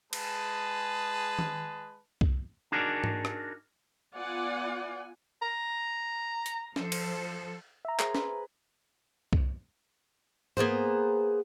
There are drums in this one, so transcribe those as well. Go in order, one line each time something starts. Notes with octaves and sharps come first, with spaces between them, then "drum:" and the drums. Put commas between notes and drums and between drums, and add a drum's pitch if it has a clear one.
G#3 G#4 B4 A5, drum: cymbal
drum: tom D#3
drum: kick C2
D4 D#4 F#4 G#4 A#4 D5
drum: tom G#2
drum: rim click
B3 F4 D5 F#5 G#5
A#5
drum: hi-hat
F3 A4 C5, drum: snare
drum: cymbal
E5 A#5
G#4 A#4 C5, drum: clap
B4, drum: snare
drum: kick C2
A#3 B3 G#4 C5, drum: tom G#2